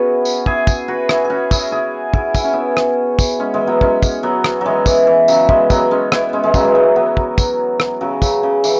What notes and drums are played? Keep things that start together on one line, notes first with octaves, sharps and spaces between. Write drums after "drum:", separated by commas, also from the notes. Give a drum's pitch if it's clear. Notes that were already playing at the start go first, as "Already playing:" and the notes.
Already playing: B3 C#4 E4 F#4 G#4 B4
drum: tambourine
E4 G#4, drum: kick
drum: kick, tambourine
F#4 B4
E4 G#4, drum: rim click
G#4
C#4 F#4
E4 G#4, drum: kick, tambourine
E4 G#4
E4 G#4, drum: kick
E4, drum: kick, tambourine
C#4
B3 E4
drum: rim click
drum: kick, tambourine
G#3 C#4
E3 G#3
F#3 B3
G#3 C#4, drum: kick
drum: kick, tambourine
F#3 B3
drum: rim click
E3 F#3 G#3
E3, drum: kick, tambourine
E3
C#3 F#3, drum: tambourine
E3 G#3, drum: kick
F#3 B3, drum: kick, tambourine
G#3 C#4
B3 E4, drum: rim click
G#3 C#4
E3 G#3
C#3 F#3, drum: kick, tambourine
E3 G#3
F#3 B3
F#3 B3
drum: kick
drum: kick, tambourine
drum: rim click
C#3 F#3
C#3, drum: kick, tambourine
C#3
E3, drum: tambourine